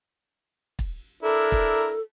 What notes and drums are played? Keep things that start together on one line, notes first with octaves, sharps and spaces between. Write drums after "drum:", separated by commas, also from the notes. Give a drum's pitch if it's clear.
drum: kick
D4 E4 A4 A#4
drum: kick